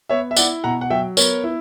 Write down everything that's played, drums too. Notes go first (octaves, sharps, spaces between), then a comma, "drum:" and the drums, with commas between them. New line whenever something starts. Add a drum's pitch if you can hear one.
B3 C#5 E5
E5
E4 D5 F#5, drum: tambourine
B2 F#5 A#5
F#5
F#3 E5 G5
B3 A#4 C#5, drum: tambourine
E4